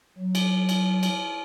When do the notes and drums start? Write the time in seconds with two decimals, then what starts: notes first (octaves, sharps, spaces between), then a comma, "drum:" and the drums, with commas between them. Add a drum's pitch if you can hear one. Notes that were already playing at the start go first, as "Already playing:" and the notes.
0.18 F#3
0.35 drum: cymbal
0.69 drum: cymbal
1.03 drum: cymbal